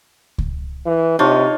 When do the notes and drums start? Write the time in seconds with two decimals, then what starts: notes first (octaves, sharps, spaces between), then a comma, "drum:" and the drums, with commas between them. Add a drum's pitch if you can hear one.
0.38 drum: kick C#2
0.86 E3
1.19 C3 D4 D#4 F4 C#5